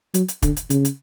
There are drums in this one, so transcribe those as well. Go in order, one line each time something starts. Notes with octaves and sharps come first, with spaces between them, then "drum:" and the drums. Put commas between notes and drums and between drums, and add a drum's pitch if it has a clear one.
F#3, drum: hi-hat
drum: hi-hat
D3, drum: kick, hi-hat
drum: hi-hat
C#3, drum: hi-hat
drum: hi-hat